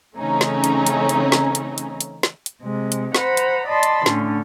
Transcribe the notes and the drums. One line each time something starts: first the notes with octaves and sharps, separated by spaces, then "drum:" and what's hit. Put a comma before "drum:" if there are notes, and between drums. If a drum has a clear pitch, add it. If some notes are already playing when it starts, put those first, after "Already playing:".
C#3 E3 A3 C4 C#4 D#4
drum: snare
drum: hi-hat
drum: hi-hat
drum: hi-hat
drum: snare
drum: hi-hat
drum: hi-hat
drum: hi-hat
drum: snare
drum: hi-hat
C3 G#3
drum: hi-hat
C5 F#5 A#5 B5, drum: snare
drum: hi-hat
D5 D#5 A5 B5 C6
drum: hi-hat
A2 D3 C#4, drum: snare